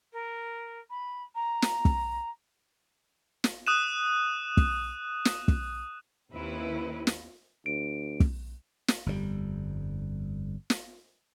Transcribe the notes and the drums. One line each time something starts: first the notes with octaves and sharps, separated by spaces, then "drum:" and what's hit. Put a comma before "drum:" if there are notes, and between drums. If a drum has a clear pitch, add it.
A#4
B5
A#5
drum: snare
drum: kick
drum: snare
D#6 F#6 D#7 E7
drum: kick
drum: snare
drum: kick
D#2 D#3 C4 C#4 E4 B4
drum: snare
D2 D7
drum: kick
drum: snare
G1 F2 B2 G3
drum: snare